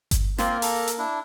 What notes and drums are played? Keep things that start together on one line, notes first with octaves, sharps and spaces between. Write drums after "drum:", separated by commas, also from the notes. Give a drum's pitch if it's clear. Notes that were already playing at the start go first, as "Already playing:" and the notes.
drum: kick G1, hi-hat
A#3 C4 F4, drum: snare
A4 A#5, drum: open hi-hat
drum: hi-hat
D4 E4